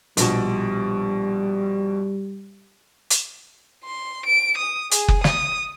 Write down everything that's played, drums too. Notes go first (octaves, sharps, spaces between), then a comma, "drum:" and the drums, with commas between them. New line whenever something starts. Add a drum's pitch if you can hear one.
A#1 B2 G3, drum: hi-hat
drum: hi-hat
C6
D7
D#6
G#4, drum: hi-hat
drum: kick F#1
D#6, drum: snare